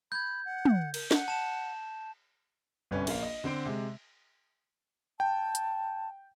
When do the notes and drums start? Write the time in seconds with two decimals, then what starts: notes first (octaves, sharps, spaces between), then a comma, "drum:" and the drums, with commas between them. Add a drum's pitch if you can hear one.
0.12 B5 G6 G#6
0.45 F#5
0.65 drum: tom
0.94 A#4, drum: cymbal
1.11 F#5, drum: snare
1.28 A5 E7
2.91 G1 C2 C#4 B4
3.07 A#1 A#3 F5, drum: cymbal
3.23 D#5
3.44 D3 C4 C5 D7
3.65 C3 G#3
5.20 G5 A5
5.55 drum: hi-hat